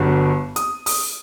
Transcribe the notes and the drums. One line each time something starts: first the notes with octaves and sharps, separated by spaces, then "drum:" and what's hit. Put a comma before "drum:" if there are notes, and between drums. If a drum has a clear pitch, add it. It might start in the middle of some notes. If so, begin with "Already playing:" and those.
Already playing: G1 G2 F#3
D#6, drum: hi-hat
D#6, drum: open hi-hat